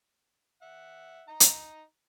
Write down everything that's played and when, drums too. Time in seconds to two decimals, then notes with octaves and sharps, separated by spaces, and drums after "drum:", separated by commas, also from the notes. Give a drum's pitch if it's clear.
0.62 E5 F#5
1.28 D#4 A#5
1.40 drum: hi-hat